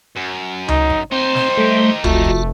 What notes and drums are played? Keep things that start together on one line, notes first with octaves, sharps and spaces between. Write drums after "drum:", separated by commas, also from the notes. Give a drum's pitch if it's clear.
F#2
D#4, drum: tom C#2
drum: kick G#1
C4 D#4 G4 C5
drum: snare
G3 A3
F1 A3 F4 F#4, drum: tom C#2
drum: kick G#1